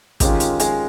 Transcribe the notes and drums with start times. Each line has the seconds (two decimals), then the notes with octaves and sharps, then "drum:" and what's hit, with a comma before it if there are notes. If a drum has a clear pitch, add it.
0.20 D#3 G#3 C#4 F4 G4, drum: kick, hi-hat
0.40 drum: hi-hat
0.60 G#3 G#4, drum: hi-hat